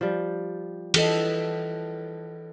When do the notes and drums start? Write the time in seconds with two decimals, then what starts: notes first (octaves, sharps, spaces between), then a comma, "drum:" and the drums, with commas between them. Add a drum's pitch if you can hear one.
0.01 F3 G3
0.94 E3 A4 D#5, drum: cymbal